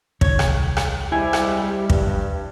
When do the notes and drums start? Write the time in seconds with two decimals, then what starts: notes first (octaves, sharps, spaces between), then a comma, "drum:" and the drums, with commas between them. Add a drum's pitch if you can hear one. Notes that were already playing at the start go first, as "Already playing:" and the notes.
0.21 D#1 C2 D#3 C#5, drum: kick
0.39 drum: rim click
0.77 drum: rim click
1.12 G3 G#3 C4 E4 E5 G#5
1.33 drum: rim click
1.90 G2, drum: kick